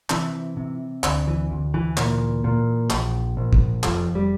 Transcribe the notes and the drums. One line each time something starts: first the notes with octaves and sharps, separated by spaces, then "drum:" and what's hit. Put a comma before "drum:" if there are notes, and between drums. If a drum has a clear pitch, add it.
C3 E3, drum: clap
C3
D2, drum: clap
E3
D2
E3
A#2, drum: clap
A#2
A#1, drum: clap
A#1
drum: kick
F1 F2 F3, drum: clap
G3